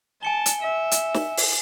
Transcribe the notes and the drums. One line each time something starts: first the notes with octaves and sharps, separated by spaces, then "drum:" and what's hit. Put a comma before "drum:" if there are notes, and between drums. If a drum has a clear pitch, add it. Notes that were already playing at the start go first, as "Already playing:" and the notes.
G#5 A5 C#7 G7
drum: hi-hat
E5
drum: hi-hat
drum: snare
drum: open hi-hat